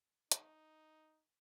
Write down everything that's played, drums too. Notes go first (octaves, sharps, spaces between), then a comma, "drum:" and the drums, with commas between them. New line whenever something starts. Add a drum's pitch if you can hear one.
D#4, drum: hi-hat